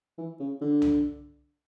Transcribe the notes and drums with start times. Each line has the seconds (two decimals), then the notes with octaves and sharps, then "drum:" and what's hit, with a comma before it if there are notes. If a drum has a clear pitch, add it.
0.18 E3
0.40 C#3
0.61 D3
0.82 drum: tom C2